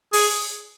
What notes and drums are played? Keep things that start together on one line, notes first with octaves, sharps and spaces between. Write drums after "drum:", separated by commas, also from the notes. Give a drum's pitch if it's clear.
G#4, drum: open hi-hat